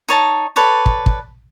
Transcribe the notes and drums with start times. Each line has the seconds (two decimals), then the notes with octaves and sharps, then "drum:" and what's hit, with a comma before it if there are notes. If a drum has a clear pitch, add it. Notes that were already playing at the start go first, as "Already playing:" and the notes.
0.08 D#4 C#5 A5
0.56 A4 B4 C#5 D5
0.86 drum: kick
1.06 drum: kick